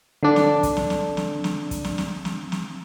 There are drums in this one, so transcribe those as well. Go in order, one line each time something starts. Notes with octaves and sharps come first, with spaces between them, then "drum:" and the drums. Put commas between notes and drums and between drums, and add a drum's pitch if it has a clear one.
D3 D4
drum: snare
drum: kick, hi-hat
drum: snare
drum: snare
drum: snare
drum: snare
drum: kick, hi-hat
drum: snare
drum: snare
drum: snare
drum: snare